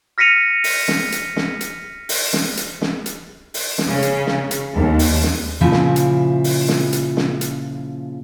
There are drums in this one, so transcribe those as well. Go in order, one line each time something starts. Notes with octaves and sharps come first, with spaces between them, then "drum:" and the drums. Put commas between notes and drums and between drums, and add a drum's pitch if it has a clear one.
F6 A#6 B6 C#7 D#7 F7
drum: open hi-hat
drum: snare
drum: hi-hat
drum: snare
drum: hi-hat
drum: open hi-hat
drum: snare
drum: hi-hat
drum: snare
drum: hi-hat
drum: open hi-hat
drum: snare
C#3
drum: hi-hat
drum: snare
drum: hi-hat
D#2
drum: open hi-hat
drum: snare
A#2 C#3 F3 E4
drum: snare
drum: hi-hat
drum: open hi-hat
drum: snare
drum: hi-hat
drum: snare
drum: hi-hat